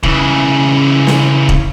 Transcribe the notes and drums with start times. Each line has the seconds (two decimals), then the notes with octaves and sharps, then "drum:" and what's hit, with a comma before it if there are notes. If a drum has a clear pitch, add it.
0.03 C#3 E3, drum: kick
1.07 drum: snare
1.49 drum: kick